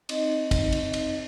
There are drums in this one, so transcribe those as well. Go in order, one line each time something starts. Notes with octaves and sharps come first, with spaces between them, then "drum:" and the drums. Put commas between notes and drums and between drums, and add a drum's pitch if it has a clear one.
C4 D#4 D#5, drum: cymbal
drum: kick, cymbal
drum: cymbal
drum: cymbal